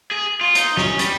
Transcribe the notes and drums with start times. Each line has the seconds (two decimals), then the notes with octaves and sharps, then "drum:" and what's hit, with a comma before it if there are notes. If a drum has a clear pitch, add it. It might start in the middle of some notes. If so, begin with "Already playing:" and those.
0.11 G#4
0.41 F4
0.55 D#4, drum: hi-hat
0.77 C#4, drum: snare
0.99 G3, drum: hi-hat